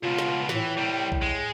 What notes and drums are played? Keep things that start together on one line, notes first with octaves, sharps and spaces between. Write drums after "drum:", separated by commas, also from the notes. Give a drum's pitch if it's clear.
C#2 B2 F4
drum: snare
A2 E3, drum: snare
C3 G3
drum: kick B1
G#3